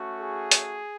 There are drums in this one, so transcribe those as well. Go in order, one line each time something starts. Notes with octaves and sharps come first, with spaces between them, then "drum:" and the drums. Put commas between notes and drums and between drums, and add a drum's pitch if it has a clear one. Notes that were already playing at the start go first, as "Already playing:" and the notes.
Already playing: A3 C#4 F#4
G#4
drum: hi-hat